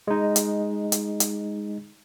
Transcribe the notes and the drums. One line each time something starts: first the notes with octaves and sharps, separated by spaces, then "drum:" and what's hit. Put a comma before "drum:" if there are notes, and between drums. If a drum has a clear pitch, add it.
G#3 D#4
drum: hi-hat
drum: hi-hat
drum: hi-hat